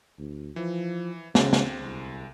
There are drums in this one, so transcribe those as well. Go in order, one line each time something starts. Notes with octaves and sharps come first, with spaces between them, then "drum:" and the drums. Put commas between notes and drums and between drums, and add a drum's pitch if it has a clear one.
D2
E3 F3
D2 C#3 G#3 C4, drum: snare
drum: snare
C2